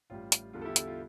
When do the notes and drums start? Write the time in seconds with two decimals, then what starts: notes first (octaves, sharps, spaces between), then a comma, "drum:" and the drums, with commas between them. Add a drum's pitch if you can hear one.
0.10 A1 A2 G3 F4
0.32 drum: hi-hat
0.53 E2 D3 G3 F4
0.62 A4
0.64 E4 G4
0.76 drum: hi-hat
0.87 F4